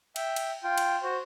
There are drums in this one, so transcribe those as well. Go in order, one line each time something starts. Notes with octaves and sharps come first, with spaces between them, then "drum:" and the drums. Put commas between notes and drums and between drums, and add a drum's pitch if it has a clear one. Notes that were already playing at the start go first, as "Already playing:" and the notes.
E5 G5, drum: cymbal
drum: cymbal
F4 G5
drum: cymbal
F#4 C5